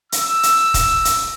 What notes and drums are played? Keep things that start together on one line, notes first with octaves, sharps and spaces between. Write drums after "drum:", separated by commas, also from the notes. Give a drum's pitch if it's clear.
E6, drum: hi-hat
drum: hi-hat
drum: kick, hi-hat
drum: hi-hat